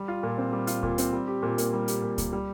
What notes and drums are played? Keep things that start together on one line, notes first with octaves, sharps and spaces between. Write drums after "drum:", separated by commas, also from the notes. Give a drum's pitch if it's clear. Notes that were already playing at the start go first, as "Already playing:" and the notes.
Already playing: G3
F4
A#2
C4
G3
F4, drum: hi-hat
A#2, drum: kick C#2
C4, drum: hi-hat
G3
G4
A#2
A#3, drum: hi-hat
G3
G4, drum: hi-hat
A#2
A#3, drum: kick C#2, hi-hat
G3